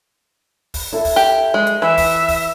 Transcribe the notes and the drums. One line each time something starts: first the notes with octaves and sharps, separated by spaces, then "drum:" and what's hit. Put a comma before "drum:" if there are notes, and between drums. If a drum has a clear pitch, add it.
drum: kick, open hi-hat
E4 A4
drum: kick, open hi-hat
G4
G#3
drum: hi-hat
E3 E5
drum: kick, open hi-hat
drum: kick, open hi-hat